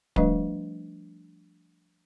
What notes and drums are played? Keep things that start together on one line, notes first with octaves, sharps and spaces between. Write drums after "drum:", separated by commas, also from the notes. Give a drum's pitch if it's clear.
F3 G3 A3 D4 B4 D#5, drum: kick D1